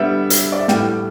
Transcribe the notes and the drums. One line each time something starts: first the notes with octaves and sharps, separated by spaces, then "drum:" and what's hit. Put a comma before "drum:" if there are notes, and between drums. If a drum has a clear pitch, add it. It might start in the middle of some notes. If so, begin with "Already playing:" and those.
Already playing: D3 G3 B3 E5
drum: hi-hat
D5
E5
A2 G3 B3 G5, drum: snare